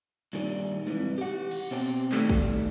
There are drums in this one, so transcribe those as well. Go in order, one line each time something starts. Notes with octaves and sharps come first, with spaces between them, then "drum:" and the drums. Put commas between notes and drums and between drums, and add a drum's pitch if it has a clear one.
G2 A#2 D#3 G3
G#2 C3 E3
G4 F#5
drum: cymbal
B2 C4 C5 G5
D#3 G3 A3, drum: clap
drum: kick